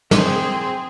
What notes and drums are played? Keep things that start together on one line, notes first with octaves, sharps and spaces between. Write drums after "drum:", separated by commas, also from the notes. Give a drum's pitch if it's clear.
C4 G#4, drum: snare